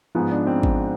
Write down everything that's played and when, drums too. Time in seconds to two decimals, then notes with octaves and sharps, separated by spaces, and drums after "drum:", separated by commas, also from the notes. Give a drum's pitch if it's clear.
0.15 G#2 F3 G#3 B3
0.31 D4
0.47 C4
0.63 drum: kick G#1